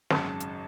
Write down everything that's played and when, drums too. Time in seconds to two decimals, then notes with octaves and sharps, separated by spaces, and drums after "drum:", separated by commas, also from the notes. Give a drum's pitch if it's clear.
0.10 G#1 F#2 C#3 F#3 A5, drum: snare
0.40 drum: hi-hat